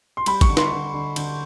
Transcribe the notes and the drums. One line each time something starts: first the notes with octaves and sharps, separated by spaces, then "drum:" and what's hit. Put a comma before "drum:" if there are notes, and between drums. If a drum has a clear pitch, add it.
C6
G3 B5, drum: cymbal
C#6, drum: kick G#1, cymbal
D3
C6, drum: snare
D3
D3
D3, drum: cymbal